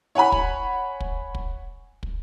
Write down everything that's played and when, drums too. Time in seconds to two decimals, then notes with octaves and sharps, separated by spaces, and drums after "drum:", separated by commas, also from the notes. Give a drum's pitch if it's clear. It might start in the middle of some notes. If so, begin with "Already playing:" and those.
0.15 C#5 F#5 G#5 B5
0.32 drum: kick
1.00 drum: kick
1.35 drum: kick
2.03 drum: kick